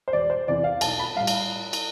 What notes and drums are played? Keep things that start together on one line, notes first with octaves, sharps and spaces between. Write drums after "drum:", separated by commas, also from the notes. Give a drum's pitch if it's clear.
C5
E1 D5
C5
E2 C3 E3 D5
F5
B1 A5, drum: cymbal
B5
A2 G3 F5
drum: cymbal
drum: cymbal